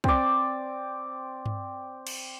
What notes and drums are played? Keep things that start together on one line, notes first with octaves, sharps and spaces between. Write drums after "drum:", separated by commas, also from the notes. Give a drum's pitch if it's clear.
C4 D5, drum: kick
drum: tom G2
drum: cymbal